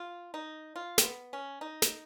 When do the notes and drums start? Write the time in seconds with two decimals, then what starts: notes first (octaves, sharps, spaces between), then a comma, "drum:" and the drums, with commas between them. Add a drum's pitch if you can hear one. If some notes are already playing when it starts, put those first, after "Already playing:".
Already playing: F4
0.34 D#4
0.76 F4
0.98 C4, drum: snare
1.05 B3
1.33 C#4
1.61 D#4
1.82 drum: snare